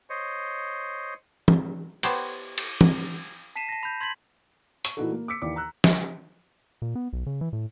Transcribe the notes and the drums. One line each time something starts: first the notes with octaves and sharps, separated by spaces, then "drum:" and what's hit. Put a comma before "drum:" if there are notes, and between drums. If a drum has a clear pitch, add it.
C5 C#5 D#5
drum: tom
B3 G4 C5 C#5 G5 A5, drum: cymbal
drum: cymbal
drum: tom
A5 B6 C7 D#7 E7
A5 A#6
B5 G6
C6 G#6 B6 F#7
C#6, drum: hi-hat
A#2 E3 D#4 E4 F#4 A4
A#3
D6 E6 B6 C#7
D#2 E3 D5 D6
A#5 E6 F#6
drum: snare
A#2
B3
B1
C#3
E3
A2